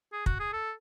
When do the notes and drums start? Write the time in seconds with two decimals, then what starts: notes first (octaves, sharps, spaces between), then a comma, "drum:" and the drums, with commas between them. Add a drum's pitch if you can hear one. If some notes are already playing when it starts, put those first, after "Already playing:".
0.13 G#4
0.26 F#4, drum: kick
0.40 G#4
0.53 A4